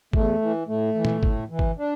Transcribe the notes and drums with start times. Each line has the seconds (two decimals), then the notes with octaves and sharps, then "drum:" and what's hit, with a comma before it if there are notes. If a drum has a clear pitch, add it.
0.13 E2 A3, drum: kick
0.42 E3
0.68 A2 A3
0.95 E3
1.05 drum: tom A#2
1.23 A2, drum: kick
1.50 E3
1.59 drum: kick
1.78 D4